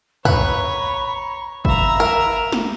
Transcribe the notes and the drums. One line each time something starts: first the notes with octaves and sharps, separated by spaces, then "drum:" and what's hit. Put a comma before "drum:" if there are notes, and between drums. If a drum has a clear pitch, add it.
B4 C#5 A#5 B5, drum: tom
B4 E5 F5 A#5 B5, drum: kick G1
A#4
drum: snare